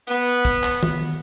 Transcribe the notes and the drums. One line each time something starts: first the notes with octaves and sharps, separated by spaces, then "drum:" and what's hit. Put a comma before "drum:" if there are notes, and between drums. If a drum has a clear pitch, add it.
B3, drum: hi-hat
drum: kick, hi-hat
drum: clap
drum: tom D#3